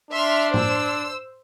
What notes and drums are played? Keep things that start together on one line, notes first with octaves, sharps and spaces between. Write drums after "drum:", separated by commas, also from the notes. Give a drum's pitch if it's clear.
D4 E5 C6 F6
C5 E6, drum: tom A2